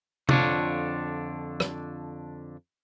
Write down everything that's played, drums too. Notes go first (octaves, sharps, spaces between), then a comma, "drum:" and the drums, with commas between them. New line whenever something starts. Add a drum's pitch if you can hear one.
F2 D3 D4 F4 C#5, drum: tom C3
drum: rim click